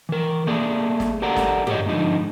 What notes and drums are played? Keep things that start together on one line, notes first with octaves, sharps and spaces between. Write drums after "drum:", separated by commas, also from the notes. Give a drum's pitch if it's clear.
E3 A#4
A3 A#3 G#4 D5
drum: snare
G4 A4 A#4 D5 F#5
drum: snare
G4 G#4 C5 C#5 D#5, drum: tom G2
G#2 D3 F3 D#4